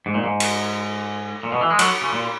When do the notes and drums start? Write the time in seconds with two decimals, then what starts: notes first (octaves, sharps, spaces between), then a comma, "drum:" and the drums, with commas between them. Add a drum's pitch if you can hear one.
0.06 G#2
0.14 A#2
0.24 G#2
0.40 drum: cymbal
1.43 A#2
1.52 B2
1.61 E3
1.71 G#3
1.79 F#3, drum: cymbal
2.02 C#3
2.13 A#2